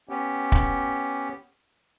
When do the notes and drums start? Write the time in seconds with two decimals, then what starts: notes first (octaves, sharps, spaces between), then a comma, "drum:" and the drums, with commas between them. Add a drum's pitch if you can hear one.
0.09 B3 C#4 G4
0.52 drum: kick